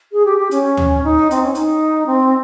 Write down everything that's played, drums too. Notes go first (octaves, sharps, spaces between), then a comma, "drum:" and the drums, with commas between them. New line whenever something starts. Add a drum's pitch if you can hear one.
G#4
G4
G4
C#4, drum: hi-hat
drum: tom
D#4
C4, drum: hi-hat
C#4
D#4, drum: hi-hat
C4